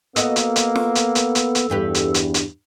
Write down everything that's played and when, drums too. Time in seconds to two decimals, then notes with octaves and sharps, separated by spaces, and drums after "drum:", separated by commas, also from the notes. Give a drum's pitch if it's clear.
0.16 A#3 B3 F#4 A4 D#5, drum: hi-hat
0.36 drum: hi-hat
0.56 drum: hi-hat
0.76 drum: snare
0.95 drum: hi-hat
1.15 drum: hi-hat
1.35 drum: hi-hat
1.55 drum: hi-hat
1.70 E2 G2 G4 B4
1.95 drum: hi-hat
2.14 drum: hi-hat
2.34 drum: hi-hat